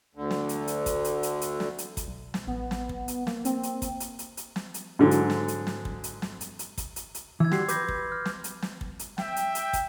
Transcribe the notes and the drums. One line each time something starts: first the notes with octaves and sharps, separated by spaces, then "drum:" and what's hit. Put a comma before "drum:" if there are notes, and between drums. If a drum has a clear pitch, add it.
D2 D3
drum: snare
drum: hi-hat
drum: hi-hat
drum: kick, hi-hat
drum: hi-hat
drum: hi-hat
drum: hi-hat
drum: snare
drum: hi-hat
drum: kick, hi-hat
B1
drum: snare
A1 B3
drum: snare
drum: kick
drum: hi-hat
A#3, drum: snare
C4, drum: hi-hat
drum: hi-hat
drum: kick, hi-hat
drum: hi-hat
drum: hi-hat
drum: hi-hat
drum: snare
drum: hi-hat
G#2 D3 F#3
drum: hi-hat
drum: snare
drum: hi-hat
drum: snare
drum: kick
drum: hi-hat
drum: snare
drum: hi-hat
drum: hi-hat
drum: kick, hi-hat
drum: hi-hat
drum: hi-hat
E3 E6 G#6
G3 F#4 G4 C6 C7, drum: snare
B4 D6 G6 A#6, drum: hi-hat
drum: kick
F6
drum: snare
drum: hi-hat
drum: snare
drum: kick
drum: hi-hat
E5 G5, drum: snare
drum: hi-hat
drum: hi-hat
drum: kick, hi-hat